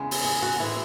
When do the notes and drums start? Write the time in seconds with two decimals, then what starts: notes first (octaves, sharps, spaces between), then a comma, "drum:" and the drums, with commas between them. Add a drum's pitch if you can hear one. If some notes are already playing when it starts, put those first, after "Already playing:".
Already playing: E2 C#3 G#3
0.11 drum: open hi-hat
0.25 G#4
0.42 F#4
0.60 A2 E3 G#3 E4